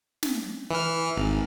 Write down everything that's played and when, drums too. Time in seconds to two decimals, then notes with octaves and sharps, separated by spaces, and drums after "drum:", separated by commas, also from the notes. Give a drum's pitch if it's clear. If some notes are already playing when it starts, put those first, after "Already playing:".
0.23 drum: snare
0.71 E3 F6
1.16 G#1